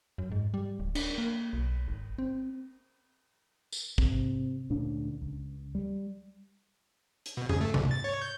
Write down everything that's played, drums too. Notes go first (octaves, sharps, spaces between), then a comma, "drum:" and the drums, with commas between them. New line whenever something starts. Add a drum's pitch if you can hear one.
F#2
G#2
G3
D1
D4, drum: cymbal
A#3
B1
G#1
C4
drum: tambourine
C3, drum: kick
D2 A#2 C#4 D4
C#2
G3
drum: hi-hat
B2
G#4, drum: tom F2
A3
C2, drum: tom C3
A6
C#5
G6